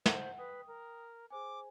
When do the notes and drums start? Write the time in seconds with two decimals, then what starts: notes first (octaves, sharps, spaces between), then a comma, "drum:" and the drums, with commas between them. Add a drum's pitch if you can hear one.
0.06 C5 F#5, drum: snare
0.38 B4 G5 D#6
0.67 A#4
1.30 G#4 C5 G#5 D6